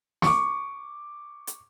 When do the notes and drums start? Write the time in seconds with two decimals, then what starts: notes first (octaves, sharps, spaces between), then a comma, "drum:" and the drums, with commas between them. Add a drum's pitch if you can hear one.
0.22 C#6 D6, drum: snare
1.47 drum: hi-hat